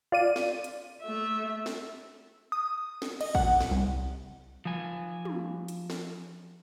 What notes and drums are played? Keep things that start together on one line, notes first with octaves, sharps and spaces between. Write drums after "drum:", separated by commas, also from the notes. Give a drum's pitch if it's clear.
F4 D5 D#7
drum: snare
drum: hi-hat
A3 E5
drum: snare
D#6
drum: snare
D#5, drum: cymbal
F#5, drum: kick
drum: snare
C2
F3 G#5
drum: tom
drum: hi-hat
drum: snare